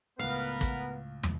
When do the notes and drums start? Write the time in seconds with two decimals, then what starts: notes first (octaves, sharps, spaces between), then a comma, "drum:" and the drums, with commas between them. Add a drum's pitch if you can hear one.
0.19 C#2 A2 B3 A#4 B4 F5
0.61 drum: kick, hi-hat
1.23 drum: tom